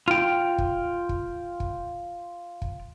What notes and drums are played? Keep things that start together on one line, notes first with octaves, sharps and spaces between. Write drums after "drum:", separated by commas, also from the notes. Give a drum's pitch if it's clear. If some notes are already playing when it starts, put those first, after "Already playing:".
F4 G5
drum: kick
drum: kick
drum: kick
drum: kick